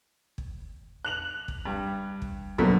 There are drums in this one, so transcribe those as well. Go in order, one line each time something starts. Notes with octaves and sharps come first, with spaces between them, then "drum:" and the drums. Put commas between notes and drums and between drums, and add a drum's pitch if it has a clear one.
drum: kick
F#6 F7 F#7
drum: kick
G2
drum: kick
F#2 B2 D3 F#3 A#3, drum: kick